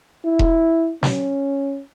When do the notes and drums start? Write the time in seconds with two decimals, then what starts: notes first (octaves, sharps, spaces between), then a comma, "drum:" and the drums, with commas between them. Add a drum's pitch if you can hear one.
0.25 E4
0.39 drum: kick E1
1.03 C#4, drum: snare